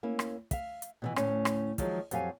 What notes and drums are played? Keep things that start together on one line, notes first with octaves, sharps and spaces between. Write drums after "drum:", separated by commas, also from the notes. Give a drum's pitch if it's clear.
A#3 C#4 E4
drum: rim click
E5 F5, drum: kick, hi-hat
drum: hi-hat
B2 D#3 E3
D2 A2 C#4 G#5, drum: rim click
drum: rim click
D#3 F3 F#3 G#3, drum: kick, hi-hat
F2 F#3 G4 F5 G#5, drum: hi-hat